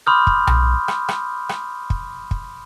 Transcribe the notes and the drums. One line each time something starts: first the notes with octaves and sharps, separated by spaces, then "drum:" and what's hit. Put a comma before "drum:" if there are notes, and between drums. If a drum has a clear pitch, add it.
B5 C6 D6 D#6 F6 G6
drum: kick
drum: tom B1
drum: rim click
drum: rim click
drum: rim click
drum: kick
drum: kick